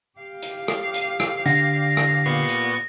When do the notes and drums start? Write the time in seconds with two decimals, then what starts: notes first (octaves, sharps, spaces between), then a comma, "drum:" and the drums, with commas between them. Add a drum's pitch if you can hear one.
0.19 G4 F5
0.43 drum: hi-hat
0.68 drum: rim click
0.94 drum: hi-hat
1.20 drum: rim click
1.46 D3 D4 F#5 A#6, drum: hi-hat
1.97 drum: rim click
2.26 A#2 B3 C#6
2.49 drum: hi-hat